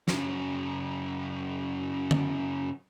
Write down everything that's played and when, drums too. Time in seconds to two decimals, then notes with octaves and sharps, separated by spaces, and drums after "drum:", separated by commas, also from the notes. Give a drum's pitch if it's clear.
0.08 F#2 C#3, drum: snare
2.11 drum: tom D3